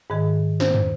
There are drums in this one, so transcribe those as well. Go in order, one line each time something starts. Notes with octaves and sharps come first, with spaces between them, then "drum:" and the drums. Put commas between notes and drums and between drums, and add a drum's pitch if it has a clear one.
G#2 D#3 G#4
C5, drum: snare
drum: tom